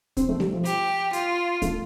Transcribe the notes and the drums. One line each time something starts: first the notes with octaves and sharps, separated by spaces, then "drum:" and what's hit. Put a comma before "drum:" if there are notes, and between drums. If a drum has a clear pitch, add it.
C4, drum: kick, hi-hat
A3
G3, drum: snare A3
F3
G4, drum: hi-hat
F4, drum: hi-hat
A3, drum: kick, hi-hat